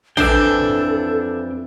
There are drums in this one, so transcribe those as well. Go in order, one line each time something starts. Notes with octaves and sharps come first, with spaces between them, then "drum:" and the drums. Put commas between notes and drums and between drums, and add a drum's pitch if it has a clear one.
F2 E3 D4 A4 E5 G5, drum: kick A1
drum: tom G2